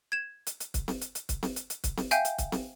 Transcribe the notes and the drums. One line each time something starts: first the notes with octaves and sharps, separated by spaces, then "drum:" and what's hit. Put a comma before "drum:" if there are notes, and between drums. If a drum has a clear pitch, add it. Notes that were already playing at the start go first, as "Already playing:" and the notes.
G#6 E7
drum: hi-hat
drum: hi-hat
drum: kick, hi-hat
drum: snare C4
drum: hi-hat
drum: hi-hat
drum: kick, hi-hat
drum: snare C4
drum: hi-hat
drum: hi-hat
drum: kick, hi-hat
drum: snare C4
E5 F5 G5 G#5 G6, drum: hi-hat
drum: hi-hat
drum: kick, hi-hat
drum: snare C4